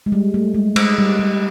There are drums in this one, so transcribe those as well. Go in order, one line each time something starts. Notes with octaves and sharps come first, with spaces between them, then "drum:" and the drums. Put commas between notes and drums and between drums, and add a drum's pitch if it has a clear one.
G#3
G3
A3
G#3
G#3, drum: cymbal
G3
G3